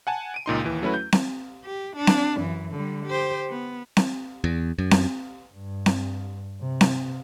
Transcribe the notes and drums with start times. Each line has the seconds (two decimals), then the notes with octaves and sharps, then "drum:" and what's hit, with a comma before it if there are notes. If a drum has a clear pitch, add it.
0.07 F#5 G#5 A5
0.34 D7 D#7
0.46 C#2 A#2 D#4 C6
0.64 D#2 E3
0.82 F#3 A3 C#4 E4 F#4 B4
0.94 G6
1.12 drum: snare C4
1.65 G4
1.96 D4
2.07 drum: snare C4
2.37 F#2 E3
2.71 D3 G3
3.06 G4 C5
3.50 B3
3.97 drum: snare C4
4.44 E2
4.79 F#2
4.91 drum: snare C4
5.53 G2
5.86 drum: snare C4
6.62 C3
6.81 drum: snare C4